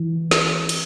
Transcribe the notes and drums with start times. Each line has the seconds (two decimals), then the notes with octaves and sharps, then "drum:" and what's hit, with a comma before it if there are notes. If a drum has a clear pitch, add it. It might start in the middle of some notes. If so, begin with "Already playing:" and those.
Already playing: E3
0.31 drum: snare
0.69 drum: cymbal